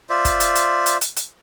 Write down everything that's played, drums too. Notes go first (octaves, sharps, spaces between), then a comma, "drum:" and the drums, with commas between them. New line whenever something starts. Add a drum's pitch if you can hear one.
F4 C5 D5 E5
drum: kick, hi-hat
drum: hi-hat
drum: hi-hat
drum: hi-hat
drum: hi-hat
drum: hi-hat